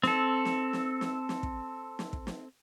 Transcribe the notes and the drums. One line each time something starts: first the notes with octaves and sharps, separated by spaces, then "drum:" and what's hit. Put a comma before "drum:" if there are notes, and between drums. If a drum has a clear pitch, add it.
C4 A4, drum: snare
drum: snare
drum: snare
drum: snare
drum: snare
drum: kick
drum: snare
drum: kick
drum: snare